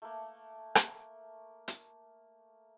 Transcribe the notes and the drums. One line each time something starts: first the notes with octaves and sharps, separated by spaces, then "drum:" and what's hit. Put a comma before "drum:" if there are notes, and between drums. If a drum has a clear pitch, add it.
A3 A#3
drum: rim click
drum: hi-hat